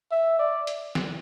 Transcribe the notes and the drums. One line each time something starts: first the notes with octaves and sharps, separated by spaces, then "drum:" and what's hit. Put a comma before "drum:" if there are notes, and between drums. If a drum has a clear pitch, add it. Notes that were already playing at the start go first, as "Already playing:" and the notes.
E5
D5
drum: hi-hat
drum: snare